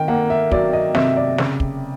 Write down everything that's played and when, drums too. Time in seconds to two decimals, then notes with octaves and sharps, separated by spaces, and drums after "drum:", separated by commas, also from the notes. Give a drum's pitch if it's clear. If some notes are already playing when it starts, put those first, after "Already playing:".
Already playing: D#3 G5
0.08 A#3 F#5
0.30 E5
0.52 F#3 D5, drum: kick
0.73 D#5
0.95 C3 E5, drum: snare
1.16 D5
1.38 C#3, drum: snare
1.60 drum: kick